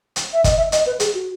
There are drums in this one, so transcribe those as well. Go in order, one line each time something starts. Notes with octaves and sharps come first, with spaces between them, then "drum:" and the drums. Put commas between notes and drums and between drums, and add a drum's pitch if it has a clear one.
drum: hi-hat
E5
D#5, drum: kick, hi-hat
E5
D#5, drum: hi-hat
B4
G#4, drum: hi-hat
F#4